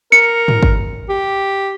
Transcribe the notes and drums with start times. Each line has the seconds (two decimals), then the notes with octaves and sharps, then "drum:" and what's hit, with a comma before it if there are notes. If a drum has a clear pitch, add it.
0.12 A#4 C#7
0.48 drum: tom
0.63 drum: kick
1.09 G4